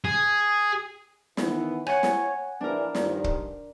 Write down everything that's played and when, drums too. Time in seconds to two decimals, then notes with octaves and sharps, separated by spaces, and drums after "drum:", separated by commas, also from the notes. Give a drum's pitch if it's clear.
0.04 G#4
1.37 D#3 E3 B3, drum: snare
1.86 C#5 F#5 G#5, drum: rim click
2.03 drum: snare
2.61 A#1 E3 D4 A#4
2.95 G2 D#3 F3, drum: snare
3.24 drum: kick